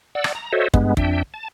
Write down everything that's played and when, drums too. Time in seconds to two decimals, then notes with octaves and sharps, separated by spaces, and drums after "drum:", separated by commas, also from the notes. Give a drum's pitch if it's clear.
0.15 D5 F#5 E6
0.24 drum: rim click
0.35 A#5
0.52 F#4 A4 C5 C#5 D#5 E5
0.74 G2 G#3 B3, drum: kick
0.97 F2 D4 E5 G5, drum: kick
1.34 A5